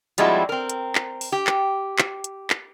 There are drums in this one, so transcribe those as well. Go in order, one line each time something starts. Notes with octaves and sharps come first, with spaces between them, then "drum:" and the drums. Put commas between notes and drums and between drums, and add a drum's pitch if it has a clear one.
F3 G3 G#3 C4 E4 F#4, drum: hi-hat
C4 A#4
drum: hi-hat
drum: clap
drum: open hi-hat
G4
drum: clap
drum: clap
drum: hi-hat
drum: clap